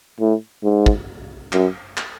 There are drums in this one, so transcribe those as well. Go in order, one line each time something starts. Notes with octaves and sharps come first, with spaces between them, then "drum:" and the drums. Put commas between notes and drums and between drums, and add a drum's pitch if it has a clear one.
A2
G#2
drum: kick
F#2, drum: clap
drum: clap